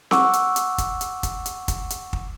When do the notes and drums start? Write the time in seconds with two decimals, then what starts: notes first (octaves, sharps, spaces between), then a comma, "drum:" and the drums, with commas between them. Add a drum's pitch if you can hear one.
0.11 F#5 C#6 D6 E6, drum: snare C4
0.33 drum: hi-hat
0.56 drum: hi-hat
0.78 drum: kick, hi-hat
1.01 drum: hi-hat
1.23 drum: kick, hi-hat
1.46 drum: hi-hat
1.68 drum: kick, hi-hat
1.90 drum: hi-hat
2.13 drum: kick